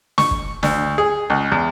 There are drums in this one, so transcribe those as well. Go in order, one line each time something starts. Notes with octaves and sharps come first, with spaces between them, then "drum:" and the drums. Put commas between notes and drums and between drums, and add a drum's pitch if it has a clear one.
C#6, drum: snare
drum: kick
D2, drum: snare
G#4
C#2
E2